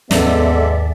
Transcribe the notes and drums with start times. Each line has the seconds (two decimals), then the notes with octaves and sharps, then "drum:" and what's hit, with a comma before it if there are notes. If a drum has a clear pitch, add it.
0.11 D#2 G#2 G#3 B3 A4 D5 E5, drum: snare